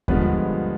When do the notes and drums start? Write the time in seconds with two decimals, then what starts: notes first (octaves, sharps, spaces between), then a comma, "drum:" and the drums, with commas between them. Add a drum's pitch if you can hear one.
0.08 G2 D3 F3 G#3 B3 B4, drum: kick D#2